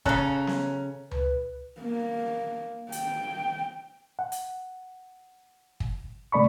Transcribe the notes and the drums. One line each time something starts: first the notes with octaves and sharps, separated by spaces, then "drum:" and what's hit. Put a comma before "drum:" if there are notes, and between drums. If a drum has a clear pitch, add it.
C#3 C#4 A4 A#5 F#6, drum: kick
drum: snare B3
B4, drum: tom C#2
A#3
G5, drum: hi-hat
F#5
drum: hi-hat
drum: kick
C3 A3 D5 B5 C#6